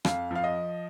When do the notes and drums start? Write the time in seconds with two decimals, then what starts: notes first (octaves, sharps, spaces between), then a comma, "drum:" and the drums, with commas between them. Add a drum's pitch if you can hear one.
0.05 F2 F5, drum: rim click
0.31 F3 F5
0.44 D#5